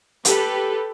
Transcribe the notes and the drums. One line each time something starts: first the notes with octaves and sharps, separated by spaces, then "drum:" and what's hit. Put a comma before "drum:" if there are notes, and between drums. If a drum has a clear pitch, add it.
G4 A4 B4, drum: hi-hat